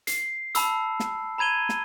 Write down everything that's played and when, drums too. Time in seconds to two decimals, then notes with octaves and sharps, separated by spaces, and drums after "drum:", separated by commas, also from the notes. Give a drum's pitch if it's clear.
0.07 C7, drum: hi-hat
0.55 A5 B5 E6, drum: hi-hat
1.00 drum: snare
1.38 A#5 B5 G#6 D#7 G7
1.69 drum: snare